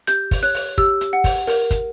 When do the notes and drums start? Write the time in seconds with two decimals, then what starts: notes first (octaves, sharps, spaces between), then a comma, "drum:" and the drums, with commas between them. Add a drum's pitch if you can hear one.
0.07 G4 G6, drum: hi-hat
0.31 drum: kick, open hi-hat
0.43 C#5 F#6
0.54 drum: open hi-hat
0.78 G4 E6, drum: kick
1.01 drum: hi-hat
1.13 F#5
1.24 drum: kick, open hi-hat
1.47 A#4, drum: open hi-hat
1.71 drum: kick, hi-hat